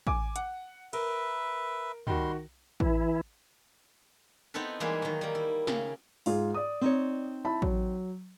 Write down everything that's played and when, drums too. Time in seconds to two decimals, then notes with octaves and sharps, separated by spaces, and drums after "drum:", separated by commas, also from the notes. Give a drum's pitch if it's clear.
0.07 G#5 D6, drum: kick
0.36 F#5, drum: hi-hat
0.93 A#4 B4 E5, drum: cymbal
2.07 D#3 G3 F#4 C6, drum: tom
2.80 E3 E4, drum: kick
4.54 B3 C4 D#4 E4 A4 B4
4.80 E3 G3 G#3 A#3 G#4 B4
5.02 D#3 F#3
5.21 G3 A#3
5.35 E4
5.67 C#3, drum: snare
6.26 G#2 F4 G#4, drum: open hi-hat
6.54 D5 D#6
6.81 C4 D#4 C#5
7.45 E4 A5 B5
7.62 F#3, drum: kick